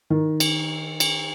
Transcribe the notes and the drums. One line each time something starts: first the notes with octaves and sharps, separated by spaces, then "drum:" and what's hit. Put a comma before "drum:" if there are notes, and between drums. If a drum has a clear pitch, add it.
D#3
drum: cymbal
drum: cymbal